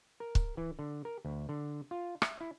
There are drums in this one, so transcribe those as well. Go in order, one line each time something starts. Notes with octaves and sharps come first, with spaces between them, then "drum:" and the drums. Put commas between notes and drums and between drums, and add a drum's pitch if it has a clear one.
A#4
drum: kick C#1
E3
D3
A#4
D2
D3
F4
E5, drum: rim click
E4